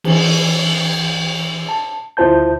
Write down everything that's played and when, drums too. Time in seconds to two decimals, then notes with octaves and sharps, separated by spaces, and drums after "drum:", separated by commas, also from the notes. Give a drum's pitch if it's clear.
0.04 E3, drum: cymbal
1.69 A5
2.17 D2 E4 F4 C5 A5 G6